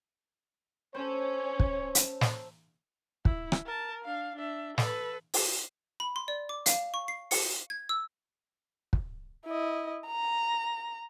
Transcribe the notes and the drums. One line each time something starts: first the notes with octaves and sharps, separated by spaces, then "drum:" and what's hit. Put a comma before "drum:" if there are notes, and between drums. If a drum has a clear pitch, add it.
C#4 A4 C5 C#5
drum: kick
drum: hi-hat
drum: snare
E4, drum: kick
drum: rim click
A#4 A5
D4 F5
D4 E5
A4 B4, drum: snare
drum: open hi-hat
B5
C6
D5
D6
F5, drum: hi-hat
C#6
C7
C#7, drum: open hi-hat
G#6
E6
drum: kick
E4 D#5
A#5